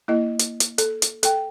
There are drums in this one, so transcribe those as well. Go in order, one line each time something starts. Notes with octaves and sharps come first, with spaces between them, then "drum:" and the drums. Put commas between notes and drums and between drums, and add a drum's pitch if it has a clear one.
A#3 E4 D#5
drum: hi-hat
drum: hi-hat
A4, drum: hi-hat
drum: hi-hat
A4 G5, drum: hi-hat